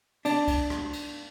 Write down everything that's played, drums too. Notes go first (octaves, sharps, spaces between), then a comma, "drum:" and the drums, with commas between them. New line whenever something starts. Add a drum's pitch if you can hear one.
D4, drum: cymbal
drum: kick, cymbal
drum: rim click
drum: cymbal